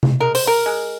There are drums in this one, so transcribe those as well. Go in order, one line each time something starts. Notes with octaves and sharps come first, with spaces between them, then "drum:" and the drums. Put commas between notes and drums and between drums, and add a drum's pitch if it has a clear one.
drum: tom C3
G#3 A#4
C5, drum: open hi-hat
A#4
G#3